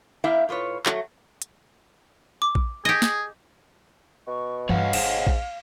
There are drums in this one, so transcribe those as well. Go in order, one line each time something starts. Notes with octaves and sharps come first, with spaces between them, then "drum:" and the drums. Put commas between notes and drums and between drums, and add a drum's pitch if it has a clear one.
A#3 E4 E5 F5 G5
A2 F4 B4 C#5
F#3 A3, drum: clap
drum: hi-hat
D6
drum: kick A#1
G4 G#4 D#5
drum: snare
B2 C#6
G2 C#5 D#5 F5 F#5, drum: tom E3
G#1 G#2, drum: cymbal
drum: kick A#1